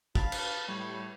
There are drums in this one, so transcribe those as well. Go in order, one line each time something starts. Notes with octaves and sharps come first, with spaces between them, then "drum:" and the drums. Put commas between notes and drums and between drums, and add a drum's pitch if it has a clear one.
D4 F5 A5 B5, drum: kick
drum: cymbal
A2 G3 C#5